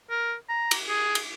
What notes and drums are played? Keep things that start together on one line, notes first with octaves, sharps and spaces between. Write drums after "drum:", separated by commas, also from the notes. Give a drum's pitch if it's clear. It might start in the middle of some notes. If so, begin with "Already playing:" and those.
A#4
A#5
drum: cymbal
G#4
drum: cymbal